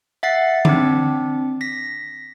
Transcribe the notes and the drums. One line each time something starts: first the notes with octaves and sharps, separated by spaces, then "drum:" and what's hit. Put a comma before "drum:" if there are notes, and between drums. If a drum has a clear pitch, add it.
E5 F#5 A6 C7
C4 D4 D6, drum: tom D3
A#6 B6